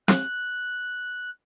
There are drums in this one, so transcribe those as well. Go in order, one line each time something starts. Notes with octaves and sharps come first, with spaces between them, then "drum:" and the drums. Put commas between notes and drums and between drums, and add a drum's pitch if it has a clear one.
F#6, drum: snare